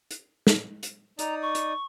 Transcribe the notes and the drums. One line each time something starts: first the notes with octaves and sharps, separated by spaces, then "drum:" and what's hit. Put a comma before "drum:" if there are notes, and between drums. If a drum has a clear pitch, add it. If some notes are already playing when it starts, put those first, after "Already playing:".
drum: hi-hat
drum: snare
drum: hi-hat
D#4 D5 A#5 D#6, drum: hi-hat
C#6
drum: hi-hat